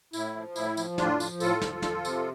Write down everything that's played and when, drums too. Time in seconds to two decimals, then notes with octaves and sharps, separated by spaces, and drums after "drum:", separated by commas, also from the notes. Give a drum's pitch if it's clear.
0.13 A2 E4, drum: tambourine
0.35 F3
0.56 A2 E4, drum: tambourine
0.77 F3, drum: tambourine
0.98 A2 D4 F4, drum: snare
1.20 F3, drum: tambourine
1.40 A2 F4 A4, drum: tambourine
1.61 F3, drum: snare
1.82 F3, drum: snare
2.05 C3, drum: tambourine